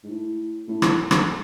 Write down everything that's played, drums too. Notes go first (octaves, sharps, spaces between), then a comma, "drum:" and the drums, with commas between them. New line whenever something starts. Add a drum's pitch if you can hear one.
G#2
A2
A2
drum: rim click
drum: rim click